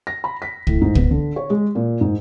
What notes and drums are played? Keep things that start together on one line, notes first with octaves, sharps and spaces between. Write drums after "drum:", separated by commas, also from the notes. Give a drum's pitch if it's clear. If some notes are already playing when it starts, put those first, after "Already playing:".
A#6
B5
B6
A2, drum: kick
G#2
B3, drum: kick
D3
C#5
G#3
A#2
G#2